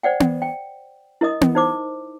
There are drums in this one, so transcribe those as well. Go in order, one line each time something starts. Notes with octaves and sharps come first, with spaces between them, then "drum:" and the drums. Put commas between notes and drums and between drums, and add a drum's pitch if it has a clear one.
C5 D5 F#5 G5
drum: tom B3
G5
E4 A#4 D#5 D#6
drum: tom B3
D#4 C5 D6